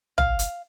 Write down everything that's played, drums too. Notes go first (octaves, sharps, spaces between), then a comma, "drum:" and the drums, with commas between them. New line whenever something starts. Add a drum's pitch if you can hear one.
F5, drum: tom
drum: hi-hat